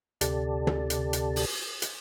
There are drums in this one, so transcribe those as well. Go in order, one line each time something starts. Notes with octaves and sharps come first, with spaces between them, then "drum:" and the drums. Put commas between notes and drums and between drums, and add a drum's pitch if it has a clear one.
D2 C3 G4 A4 D5 A5, drum: hi-hat
drum: tom
drum: hi-hat
drum: hi-hat
drum: open hi-hat
drum: hi-hat